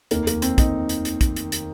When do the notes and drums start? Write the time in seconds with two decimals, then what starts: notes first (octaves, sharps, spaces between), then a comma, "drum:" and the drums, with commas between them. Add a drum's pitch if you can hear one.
0.11 F1 D#2 D#3 A#3, drum: hi-hat
0.27 A#3, drum: hi-hat
0.42 C4, drum: hi-hat
0.58 D#4, drum: kick, hi-hat
0.89 drum: hi-hat
1.05 drum: hi-hat
1.21 drum: kick, hi-hat
1.36 drum: hi-hat
1.52 drum: hi-hat